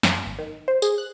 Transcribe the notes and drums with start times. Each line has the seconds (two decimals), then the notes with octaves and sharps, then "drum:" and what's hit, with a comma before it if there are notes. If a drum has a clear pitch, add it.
0.03 F#2, drum: snare
0.26 G#1
0.39 D#3
0.68 C5
0.82 G#4, drum: tambourine
0.98 F#6